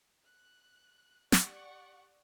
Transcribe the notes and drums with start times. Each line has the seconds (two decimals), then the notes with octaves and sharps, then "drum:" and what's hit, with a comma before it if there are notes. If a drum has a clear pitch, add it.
0.25 F#6
1.32 G4 D5 F#5 C#6, drum: snare